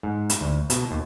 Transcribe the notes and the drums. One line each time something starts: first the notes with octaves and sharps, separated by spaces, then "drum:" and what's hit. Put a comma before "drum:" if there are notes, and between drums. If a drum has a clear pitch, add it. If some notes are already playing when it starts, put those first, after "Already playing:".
G#2
drum: hi-hat
D2
B2, drum: hi-hat
D#2